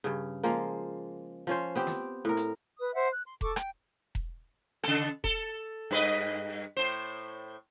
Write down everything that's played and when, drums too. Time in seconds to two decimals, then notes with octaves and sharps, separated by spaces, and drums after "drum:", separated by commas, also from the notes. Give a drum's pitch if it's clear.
0.04 G2 C#3
0.43 F3 G#3 A#3
1.47 F3 C#4 C5
1.75 B3 C4 G4
1.87 drum: snare
2.25 A2 A#4
2.37 drum: hi-hat
2.78 B4 D#6
2.93 C5 E5 F#5
3.11 F#6
3.26 C6
3.41 A4 C#6 D6, drum: kick E1
3.56 G5, drum: rim click
4.15 drum: kick E1
4.83 C#3 A4, drum: rim click
5.24 A4, drum: kick E1
5.91 G2 B4 D#5
6.77 A2 C5